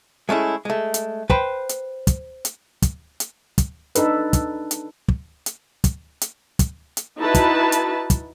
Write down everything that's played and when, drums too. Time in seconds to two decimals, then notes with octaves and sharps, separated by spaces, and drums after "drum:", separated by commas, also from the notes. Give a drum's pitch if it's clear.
0.29 G#3 A3 C#4 E4
0.65 G#3 A3
0.94 drum: hi-hat
1.30 B4 C5 G5 B5, drum: kick
1.69 drum: hi-hat
2.07 drum: kick, hi-hat
2.45 drum: hi-hat
2.82 drum: kick, hi-hat
3.20 drum: hi-hat
3.58 drum: kick, hi-hat
3.95 D4 D#4 A4 B4, drum: hi-hat
4.33 drum: kick, hi-hat
4.71 drum: hi-hat
5.08 drum: kick
5.46 drum: hi-hat
5.84 drum: kick, hi-hat
6.21 drum: hi-hat
6.59 drum: kick, hi-hat
6.97 drum: hi-hat
7.18 D#4 E4 F#4 B4 A5
7.35 drum: kick, hi-hat
7.72 drum: hi-hat
8.10 drum: kick, hi-hat